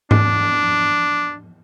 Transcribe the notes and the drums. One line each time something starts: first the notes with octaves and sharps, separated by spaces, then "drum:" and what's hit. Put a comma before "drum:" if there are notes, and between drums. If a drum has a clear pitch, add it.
D4, drum: tom G#2